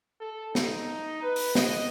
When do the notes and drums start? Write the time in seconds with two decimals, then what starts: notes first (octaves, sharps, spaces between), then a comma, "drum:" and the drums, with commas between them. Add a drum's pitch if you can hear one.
0.20 A4
0.55 D#4, drum: snare
1.23 B4
1.36 drum: open hi-hat
1.55 D#5, drum: snare